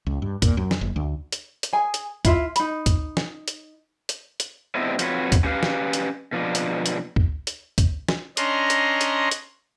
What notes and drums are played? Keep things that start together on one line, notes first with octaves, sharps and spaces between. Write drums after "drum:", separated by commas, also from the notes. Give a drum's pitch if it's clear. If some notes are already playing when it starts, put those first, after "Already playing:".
C#2
G2
A#2, drum: kick, hi-hat
F#2
drum: snare
F#1
D2
drum: hi-hat
drum: hi-hat
G#4 G#5
drum: hi-hat
E4 F4 E5, drum: kick, hi-hat
D#4 B5, drum: hi-hat
drum: kick, hi-hat
drum: snare
drum: hi-hat
drum: hi-hat
drum: hi-hat
B3 C4 D4 E4 G4 D#5
F2 C4 F4 F#4 B4 C#5, drum: hi-hat
drum: kick, hi-hat
C#4 G4 B4 F5
drum: snare
drum: hi-hat
B2 F3 D4
drum: hi-hat
drum: hi-hat
drum: kick
drum: hi-hat
drum: kick, hi-hat
drum: snare
C#4 D4 D#5 A#5 C6, drum: hi-hat
drum: hi-hat
drum: hi-hat
drum: hi-hat